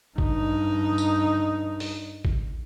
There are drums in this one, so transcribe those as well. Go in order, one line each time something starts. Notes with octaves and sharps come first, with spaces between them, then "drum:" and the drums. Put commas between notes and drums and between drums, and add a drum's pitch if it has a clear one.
G2 D#4, drum: kick A1
drum: tambourine
drum: open hi-hat
drum: kick A1